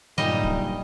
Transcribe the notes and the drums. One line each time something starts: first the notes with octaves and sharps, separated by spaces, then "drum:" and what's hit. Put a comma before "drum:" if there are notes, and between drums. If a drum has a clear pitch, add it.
F#1 G2 A#2 G3 D#4 D#5
drum: kick D1